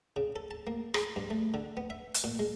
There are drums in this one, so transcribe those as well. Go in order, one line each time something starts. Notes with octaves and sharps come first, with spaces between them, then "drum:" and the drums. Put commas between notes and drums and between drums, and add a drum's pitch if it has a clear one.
C#3
A4
A5
A#3
G#4, drum: rim click
G2
A3
D3
B3
E5
drum: hi-hat
A#2
G#3